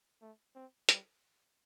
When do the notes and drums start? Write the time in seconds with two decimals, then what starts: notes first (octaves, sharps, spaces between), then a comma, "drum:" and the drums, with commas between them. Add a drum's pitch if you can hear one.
0.21 A3
0.55 C4
0.89 G3, drum: hi-hat